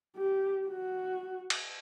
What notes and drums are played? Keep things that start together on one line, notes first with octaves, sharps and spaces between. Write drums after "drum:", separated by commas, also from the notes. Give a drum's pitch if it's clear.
G4
F#4
drum: cymbal